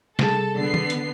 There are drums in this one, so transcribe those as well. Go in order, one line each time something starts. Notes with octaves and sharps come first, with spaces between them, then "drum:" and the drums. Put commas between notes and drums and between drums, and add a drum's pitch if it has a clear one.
C3 G3 G#4 A4 A5, drum: snare
D3 B3 C7
drum: tom D#3
drum: hi-hat